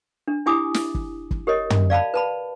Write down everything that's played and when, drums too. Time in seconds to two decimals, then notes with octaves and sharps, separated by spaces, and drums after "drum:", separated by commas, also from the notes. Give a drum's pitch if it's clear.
0.28 D4
0.46 D4 E4 G4 G#5 D6 D#6
0.74 drum: snare
0.95 drum: kick
1.31 drum: kick
1.47 G4 A#4 C#5 D#5
1.70 drum: tom
1.90 D5 F5 A5 B5
2.14 B4 A5 B5